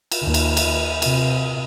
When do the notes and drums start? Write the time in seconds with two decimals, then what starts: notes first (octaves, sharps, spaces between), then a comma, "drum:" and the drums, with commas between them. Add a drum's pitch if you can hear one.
0.12 drum: cymbal
0.23 D#2
0.34 drum: cymbal
0.57 drum: cymbal
1.02 C3, drum: cymbal